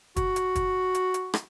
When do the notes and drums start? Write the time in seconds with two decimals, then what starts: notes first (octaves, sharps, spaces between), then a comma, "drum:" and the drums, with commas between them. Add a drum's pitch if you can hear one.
0.16 F#4, drum: kick, hi-hat
0.36 drum: hi-hat
0.55 drum: kick, hi-hat
0.95 drum: hi-hat
1.14 drum: hi-hat
1.34 drum: rim click